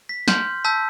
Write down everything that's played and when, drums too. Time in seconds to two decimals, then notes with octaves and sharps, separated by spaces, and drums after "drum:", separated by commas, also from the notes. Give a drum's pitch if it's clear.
0.09 B6
0.28 C6 F6 G6, drum: snare
0.64 A5 E6 G6 B6